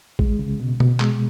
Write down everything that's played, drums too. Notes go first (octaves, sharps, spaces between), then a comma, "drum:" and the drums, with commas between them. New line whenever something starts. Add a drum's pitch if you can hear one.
G#3, drum: kick A1
C#3
B2
B2, drum: tom B2
G#3, drum: clap